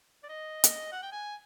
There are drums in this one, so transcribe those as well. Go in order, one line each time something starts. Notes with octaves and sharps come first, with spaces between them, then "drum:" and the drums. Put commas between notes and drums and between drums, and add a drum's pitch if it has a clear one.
D5
D#5
drum: hi-hat
F#5
G5
G#5